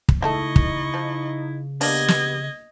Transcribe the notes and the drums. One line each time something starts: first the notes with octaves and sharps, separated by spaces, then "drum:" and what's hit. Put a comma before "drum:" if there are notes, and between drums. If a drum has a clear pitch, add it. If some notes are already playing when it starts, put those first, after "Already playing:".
drum: kick
C#3 G#3 A3 D#4 E4 A4 D#5 C#6
drum: kick
F3
A#3 B3 D4 G4 D#5 G#6, drum: open hi-hat
drum: snare